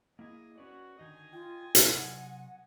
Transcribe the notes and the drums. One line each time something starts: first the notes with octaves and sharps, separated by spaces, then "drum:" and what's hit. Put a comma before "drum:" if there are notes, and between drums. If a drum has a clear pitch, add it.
A#3 E4 G#4 D#5
C#4 F#4 B4 D5
D3 D#3 D#4 D#5 G#5
F4 G5
C3 F#3 F#5, drum: hi-hat